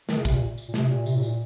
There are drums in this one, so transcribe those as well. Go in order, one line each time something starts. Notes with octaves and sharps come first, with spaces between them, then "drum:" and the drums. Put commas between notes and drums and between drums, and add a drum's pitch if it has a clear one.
D#3, drum: snare
C#3
C3, drum: kick, tambourine
A#2
drum: tambourine
A#2
C3, drum: snare
A#2
C3, drum: tambourine
A2
A#2, drum: tambourine